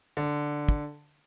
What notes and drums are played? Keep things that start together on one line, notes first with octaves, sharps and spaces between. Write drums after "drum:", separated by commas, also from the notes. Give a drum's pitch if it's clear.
D3
drum: kick